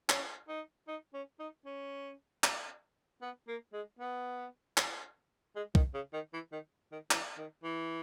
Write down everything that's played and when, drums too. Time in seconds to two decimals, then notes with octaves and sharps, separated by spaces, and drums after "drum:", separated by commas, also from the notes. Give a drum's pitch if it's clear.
0.09 C#4, drum: clap
0.48 D#4
0.88 D#4
1.14 C#4
1.39 D#4
1.65 C#4
2.44 drum: clap
3.22 B3
3.48 A#3
3.73 G#3
3.99 B3
4.77 drum: clap
5.56 G#3
5.75 D#3, drum: kick
5.94 C#3
6.13 D#3
6.33 E3
6.52 D#3
6.92 D#3
7.11 E3, drum: clap
7.38 D#3
7.63 E3